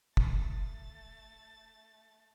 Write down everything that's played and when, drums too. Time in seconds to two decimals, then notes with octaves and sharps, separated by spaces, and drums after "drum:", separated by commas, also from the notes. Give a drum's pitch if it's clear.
0.17 A3 A6, drum: kick